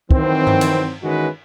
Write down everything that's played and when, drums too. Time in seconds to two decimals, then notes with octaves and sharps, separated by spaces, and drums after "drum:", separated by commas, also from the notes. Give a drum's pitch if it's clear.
0.11 D#3 E3 F#3 C4, drum: kick
0.47 drum: tom G2
0.61 drum: cymbal
1.03 D#3 E3 G#3 C#4 F#4 B4